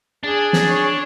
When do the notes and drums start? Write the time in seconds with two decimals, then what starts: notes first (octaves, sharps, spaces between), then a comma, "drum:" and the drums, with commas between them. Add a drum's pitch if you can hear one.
0.23 D4 G#4
0.53 drum: snare
0.68 C#5